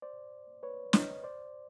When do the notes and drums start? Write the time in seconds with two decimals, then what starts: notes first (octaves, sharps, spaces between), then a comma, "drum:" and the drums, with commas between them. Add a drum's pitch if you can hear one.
0.02 C5 D5
0.63 B4 C#5
0.93 C#5 D#5, drum: snare
1.24 C5 D5